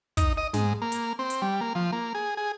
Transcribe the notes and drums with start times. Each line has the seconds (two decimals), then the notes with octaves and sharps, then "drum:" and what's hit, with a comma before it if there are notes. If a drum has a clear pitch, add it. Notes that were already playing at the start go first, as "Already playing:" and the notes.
0.17 D#4, drum: kick, hi-hat
0.37 D#5
0.54 G#2, drum: snare
0.82 A#3
0.92 drum: hi-hat
1.19 C4
1.30 drum: hi-hat
1.42 G3
1.61 A#3
1.75 F3
1.92 A#3
2.15 G#4
2.37 G#4